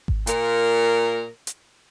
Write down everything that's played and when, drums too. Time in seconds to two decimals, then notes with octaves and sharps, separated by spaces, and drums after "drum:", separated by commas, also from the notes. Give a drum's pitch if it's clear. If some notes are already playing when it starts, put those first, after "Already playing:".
0.08 drum: kick G#1
0.27 A#2 A#4, drum: hi-hat
1.47 drum: hi-hat